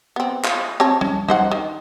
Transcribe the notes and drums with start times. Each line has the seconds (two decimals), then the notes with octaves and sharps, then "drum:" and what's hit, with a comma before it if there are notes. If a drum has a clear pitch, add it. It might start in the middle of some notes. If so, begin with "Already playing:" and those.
0.16 B3 C4
0.44 F4, drum: clap
0.80 C4 C#5 A5
1.01 C#4, drum: tom G3
1.28 D#4 C5 F#5, drum: tom G3
1.52 D#3